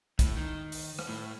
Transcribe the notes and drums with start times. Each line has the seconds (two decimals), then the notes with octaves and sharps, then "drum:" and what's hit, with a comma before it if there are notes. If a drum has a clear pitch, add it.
0.19 A2, drum: kick, hi-hat
0.37 D#3
0.72 drum: open hi-hat
0.99 drum: rim click
1.09 A2